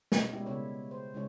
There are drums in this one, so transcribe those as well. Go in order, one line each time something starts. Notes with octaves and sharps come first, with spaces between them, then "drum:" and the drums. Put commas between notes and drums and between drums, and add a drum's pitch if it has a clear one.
B2 G3 C#4 A#4, drum: snare
G#3 A#3 E4 G4
C#3 B3 E4 C#5 E5
C5
C#3 G#3 E4 C#5